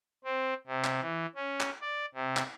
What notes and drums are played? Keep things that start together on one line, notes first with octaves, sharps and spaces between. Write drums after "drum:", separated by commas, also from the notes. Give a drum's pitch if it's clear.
C4
C3
drum: clap
E3
C#4
drum: clap
D5
C3
drum: clap